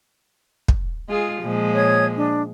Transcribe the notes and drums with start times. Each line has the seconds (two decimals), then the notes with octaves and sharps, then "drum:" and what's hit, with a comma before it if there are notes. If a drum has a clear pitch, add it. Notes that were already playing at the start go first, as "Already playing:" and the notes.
0.68 drum: kick
1.09 G#3 F4 G#4
1.42 A#2 F3 G#3
1.74 C#5 D#6 G#6
2.16 D4